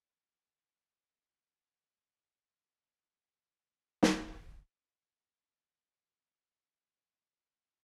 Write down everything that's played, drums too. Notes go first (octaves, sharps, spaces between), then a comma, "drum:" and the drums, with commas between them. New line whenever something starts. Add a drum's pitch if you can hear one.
C4 G4
E3 F#3 B4 F#5 A5
drum: snare
A2 C6 A#6 C7
E3 G3
D#5
A2 B3